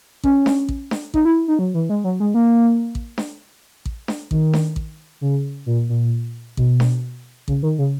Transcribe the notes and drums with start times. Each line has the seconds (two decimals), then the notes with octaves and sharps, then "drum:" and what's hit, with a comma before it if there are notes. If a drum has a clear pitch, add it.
0.24 C#4, drum: kick A1
0.46 drum: snare D4
0.69 drum: kick A1
0.91 drum: snare D4
1.14 D#4, drum: kick A1
1.25 E4
1.48 D#4
1.59 F#3
1.74 E3
1.90 G#3
2.04 F#3
2.20 G#3
2.34 A#3
2.95 drum: kick A1
3.18 drum: snare D4
3.86 drum: kick A1
4.08 drum: snare D4
4.31 D#3, drum: kick A1
4.53 drum: snare D4
4.76 drum: kick A1
5.21 C#3
5.66 A#2
5.89 A#2
6.57 B2, drum: kick A1
6.80 drum: snare D4
7.48 C#3, drum: kick A1
7.63 D#3
7.78 C#3